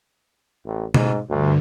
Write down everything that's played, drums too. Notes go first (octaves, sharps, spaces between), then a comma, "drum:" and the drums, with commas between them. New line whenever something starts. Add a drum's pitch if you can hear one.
A1
G#2, drum: tom B2
D2 G2 D3